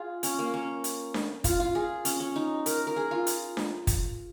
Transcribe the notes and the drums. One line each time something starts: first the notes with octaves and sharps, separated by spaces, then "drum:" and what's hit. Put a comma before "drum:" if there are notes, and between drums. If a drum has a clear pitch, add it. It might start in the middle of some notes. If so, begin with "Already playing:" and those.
Already playing: F4 G#4
C#4, drum: hi-hat
A#3
C#4
drum: hi-hat
drum: snare D4
F4, drum: kick, hi-hat
F4
G#4
C#4, drum: hi-hat
C#4
D#4
A#4, drum: hi-hat
A#4
G#4
F4
drum: hi-hat
drum: snare D4
drum: kick, hi-hat